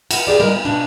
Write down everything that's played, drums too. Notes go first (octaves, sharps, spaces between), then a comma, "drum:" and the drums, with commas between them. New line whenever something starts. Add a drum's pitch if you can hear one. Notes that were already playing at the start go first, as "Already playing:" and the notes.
F#5, drum: cymbal
G4 G#4 D5
G3 G#3 D#4 A#4 B4
B3
B2 D4